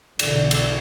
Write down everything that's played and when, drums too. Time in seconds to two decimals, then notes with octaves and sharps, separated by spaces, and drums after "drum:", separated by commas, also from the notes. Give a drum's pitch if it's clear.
0.19 B1 E2 D3, drum: cymbal
0.51 drum: cymbal